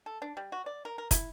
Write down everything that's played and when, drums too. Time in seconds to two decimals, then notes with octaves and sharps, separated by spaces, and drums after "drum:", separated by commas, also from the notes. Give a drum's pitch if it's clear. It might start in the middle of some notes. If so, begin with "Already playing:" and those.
0.06 A4
0.22 D4
0.37 G3
0.52 F#4
0.66 D5
0.85 A#4
0.98 A#4
1.11 E4, drum: kick, hi-hat